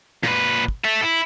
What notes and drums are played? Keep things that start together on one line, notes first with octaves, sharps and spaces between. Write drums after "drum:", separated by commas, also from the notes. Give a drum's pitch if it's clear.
A#2 B4, drum: snare
drum: kick
A4 E5
E4